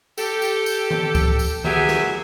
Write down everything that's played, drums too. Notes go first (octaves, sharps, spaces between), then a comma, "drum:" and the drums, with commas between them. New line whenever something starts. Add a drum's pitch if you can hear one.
G4 A4, drum: tambourine
drum: tambourine
drum: tambourine
drum: tom D#3
drum: kick C#2, tambourine
drum: tambourine
F#3 B3 G4 G#4 E5, drum: tom D#3
drum: snare